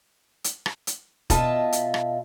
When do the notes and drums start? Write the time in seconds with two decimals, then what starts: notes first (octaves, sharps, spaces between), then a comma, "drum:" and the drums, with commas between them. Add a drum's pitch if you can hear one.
0.44 drum: hi-hat
0.66 drum: rim click
0.87 drum: hi-hat
1.30 B2 F4 D#5 E5 A5, drum: kick E1, hi-hat
1.72 drum: hi-hat
1.94 drum: rim click